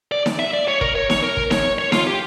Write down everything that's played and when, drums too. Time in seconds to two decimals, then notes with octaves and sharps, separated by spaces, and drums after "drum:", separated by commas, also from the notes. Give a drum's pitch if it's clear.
0.12 D5
0.26 drum: snare D#4
0.39 E5
0.54 D5
0.68 C#5
0.81 A#4, drum: kick
0.95 C#5
1.10 C#5, drum: snare D#4
1.23 A#4
1.37 drum: kick
1.51 C#5, drum: snare D#4
1.78 C#5
1.92 F4, drum: snare D#4
2.07 G4